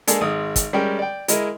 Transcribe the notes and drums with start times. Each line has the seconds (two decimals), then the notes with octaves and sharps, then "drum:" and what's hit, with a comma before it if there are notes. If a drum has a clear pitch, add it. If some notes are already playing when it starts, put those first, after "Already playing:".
0.08 G#3 A#3 D4 G#4 A4, drum: hi-hat
0.21 G#1 G#3 D#6
0.56 drum: kick, hi-hat
0.73 G3 G#3 C#4 A#4 G5
0.99 D5 G5
1.28 G#3 E4 A#4 D#5, drum: hi-hat